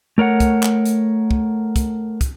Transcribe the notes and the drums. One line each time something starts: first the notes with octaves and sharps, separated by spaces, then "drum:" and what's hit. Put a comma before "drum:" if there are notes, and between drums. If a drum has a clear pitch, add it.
A3 A#4 C#5 F#5
drum: kick, hi-hat
drum: clap
drum: hi-hat
drum: kick
drum: kick, hi-hat
drum: kick, hi-hat